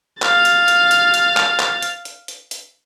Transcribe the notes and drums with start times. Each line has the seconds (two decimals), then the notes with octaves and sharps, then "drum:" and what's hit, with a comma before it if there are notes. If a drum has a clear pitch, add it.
0.22 F5 A6, drum: clap
0.45 drum: hi-hat
0.68 drum: hi-hat
0.91 drum: hi-hat
1.14 drum: hi-hat
1.37 drum: clap
1.60 drum: clap
1.82 drum: hi-hat
2.05 drum: hi-hat
2.28 drum: hi-hat
2.51 drum: hi-hat